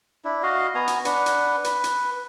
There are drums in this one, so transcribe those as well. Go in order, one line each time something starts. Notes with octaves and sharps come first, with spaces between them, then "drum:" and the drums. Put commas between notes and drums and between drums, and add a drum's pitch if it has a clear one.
D4 E4
F#4 D#5 F5
B3 G#5 A#5
drum: hi-hat
D4 B4 F#5, drum: hi-hat
drum: hi-hat
B4, drum: hi-hat
drum: hi-hat